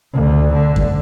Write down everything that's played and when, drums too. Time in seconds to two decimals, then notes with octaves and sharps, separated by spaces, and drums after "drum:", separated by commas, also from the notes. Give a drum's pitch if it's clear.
0.13 D2
0.53 D3
0.76 drum: kick F#2